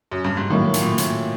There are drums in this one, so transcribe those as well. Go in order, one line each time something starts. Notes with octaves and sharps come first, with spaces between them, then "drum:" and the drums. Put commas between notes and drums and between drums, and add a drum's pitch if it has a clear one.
F#2
G2
G#2
A2 D#3 F#3 A#3
A#2, drum: hi-hat
A2
A2, drum: hi-hat